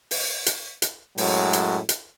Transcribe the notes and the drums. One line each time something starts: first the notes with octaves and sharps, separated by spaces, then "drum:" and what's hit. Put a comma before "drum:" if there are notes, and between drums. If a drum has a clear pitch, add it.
drum: open hi-hat
drum: hi-hat
drum: hi-hat
F#2 A2 F#3 G#3, drum: open hi-hat
drum: hi-hat
drum: hi-hat